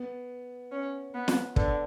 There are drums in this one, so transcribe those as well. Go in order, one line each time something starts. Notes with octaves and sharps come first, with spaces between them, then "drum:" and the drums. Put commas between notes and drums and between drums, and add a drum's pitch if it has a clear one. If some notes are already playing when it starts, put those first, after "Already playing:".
Already playing: B3
C#4
B3
drum: snare
D3 B3, drum: kick